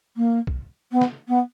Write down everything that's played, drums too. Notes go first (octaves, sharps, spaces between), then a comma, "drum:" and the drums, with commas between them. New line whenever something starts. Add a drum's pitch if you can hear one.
A#3
drum: kick
B3
drum: snare
B3